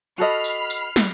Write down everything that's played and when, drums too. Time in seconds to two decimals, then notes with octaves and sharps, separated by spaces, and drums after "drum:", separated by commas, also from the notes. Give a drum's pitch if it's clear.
0.18 F#4 A4 D#5 B5 F6 C7
0.44 drum: tambourine
0.70 drum: tambourine
0.96 drum: snare